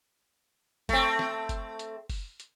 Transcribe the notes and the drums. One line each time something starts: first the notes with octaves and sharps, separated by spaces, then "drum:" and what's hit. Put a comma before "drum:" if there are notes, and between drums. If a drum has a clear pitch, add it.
A3 C4, drum: kick F#1, hi-hat
drum: snare
drum: kick F#1, hi-hat
drum: hi-hat
drum: kick F#1, open hi-hat
drum: hi-hat